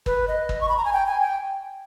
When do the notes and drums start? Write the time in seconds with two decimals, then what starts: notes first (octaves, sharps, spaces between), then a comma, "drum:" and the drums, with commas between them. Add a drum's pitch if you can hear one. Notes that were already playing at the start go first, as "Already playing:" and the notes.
0.06 B4, drum: kick
0.28 D#5
0.49 drum: kick
0.61 C#6
0.69 B5
0.77 A#5
0.85 G#5
0.93 G5
1.07 G#5
1.22 G5